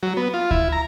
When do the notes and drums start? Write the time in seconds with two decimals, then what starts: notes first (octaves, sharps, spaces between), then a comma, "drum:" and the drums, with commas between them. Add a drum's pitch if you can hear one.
0.03 F#3
0.17 B3
0.34 F4
0.51 E4, drum: kick D2
0.72 A#5